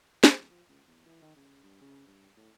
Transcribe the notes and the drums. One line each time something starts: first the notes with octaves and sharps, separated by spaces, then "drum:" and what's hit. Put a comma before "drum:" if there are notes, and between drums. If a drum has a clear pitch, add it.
D2, drum: snare
D#1
F3
C#2
E2
E3
D#3
C#3
G2
C#3
G2
A2